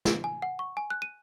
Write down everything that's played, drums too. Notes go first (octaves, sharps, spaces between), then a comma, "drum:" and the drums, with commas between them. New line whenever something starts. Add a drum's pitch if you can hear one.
drum: snare
G#5
F#5
C#6
G#5
F#6
D#7